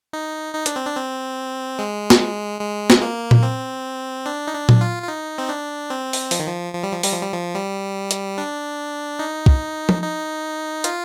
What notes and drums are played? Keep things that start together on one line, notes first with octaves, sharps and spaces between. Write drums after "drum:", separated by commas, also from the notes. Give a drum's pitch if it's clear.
D#4
D#4
D4, drum: hi-hat
C4
D4
C4
G#3
drum: snare
G#3
drum: snare
A#3
drum: tom A#2
C4
D4
D#4
D4
drum: tom A#2
F4
F4
D#4
C4
D4
C4
drum: open hi-hat
F3, drum: open hi-hat
D#3
F3
F3
G3
F3
G3, drum: open hi-hat
F3
G3
F3
G3
drum: hi-hat
D4
D#4
drum: kick
drum: tom F3
D#4
F4, drum: hi-hat